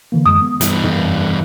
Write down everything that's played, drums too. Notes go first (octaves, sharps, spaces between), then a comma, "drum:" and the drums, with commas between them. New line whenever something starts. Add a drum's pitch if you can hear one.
D3 E3 A#3
F#2 G#3 D#6
B3
G2 E3, drum: hi-hat
drum: tom